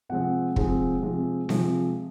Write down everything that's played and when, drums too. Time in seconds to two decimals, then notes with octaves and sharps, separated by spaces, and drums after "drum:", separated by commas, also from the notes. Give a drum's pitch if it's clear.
0.09 C3 F3 G#3 C4 F#5
0.56 C3 F3 G#3 C4, drum: kick
1.02 C3 F3 G#3 C4
1.49 C3 F3 G#3 C4, drum: snare C4